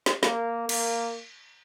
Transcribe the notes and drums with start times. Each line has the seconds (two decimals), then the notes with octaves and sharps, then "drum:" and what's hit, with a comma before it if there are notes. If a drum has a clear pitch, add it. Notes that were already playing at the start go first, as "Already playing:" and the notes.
0.06 drum: snare
0.23 A#3, drum: snare
0.69 A#3, drum: cymbal